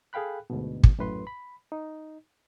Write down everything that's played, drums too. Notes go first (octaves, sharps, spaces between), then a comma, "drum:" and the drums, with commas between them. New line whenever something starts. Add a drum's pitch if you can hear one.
G#4 A4 F5 G5 B5 F#6
D2 G#2 B2
drum: kick
F#2 A2 B4 C6
B5
D#4